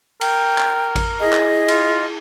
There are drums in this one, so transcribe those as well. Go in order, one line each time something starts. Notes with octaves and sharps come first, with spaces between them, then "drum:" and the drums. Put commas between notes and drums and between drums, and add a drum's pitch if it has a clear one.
A#4 G5, drum: cymbal
drum: clap
drum: kick A1, cymbal
E4 G#4 D#5
drum: clap
F4, drum: cymbal